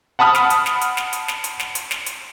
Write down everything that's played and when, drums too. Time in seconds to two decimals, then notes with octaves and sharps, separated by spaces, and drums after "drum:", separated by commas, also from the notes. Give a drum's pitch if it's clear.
0.19 F#5 A5 B5 D#6 F6
0.35 drum: snare
0.50 drum: hi-hat
0.66 drum: snare
0.81 drum: hi-hat
0.97 drum: snare
1.13 drum: hi-hat
1.28 drum: snare
1.44 drum: hi-hat
1.59 drum: snare
1.75 drum: hi-hat
1.91 drum: snare
2.06 drum: hi-hat